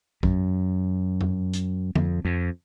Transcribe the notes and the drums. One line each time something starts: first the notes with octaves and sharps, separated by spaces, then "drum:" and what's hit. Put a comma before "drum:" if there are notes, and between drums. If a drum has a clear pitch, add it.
F#2, drum: kick
drum: tom F2
drum: hi-hat
F2, drum: tom D3
F2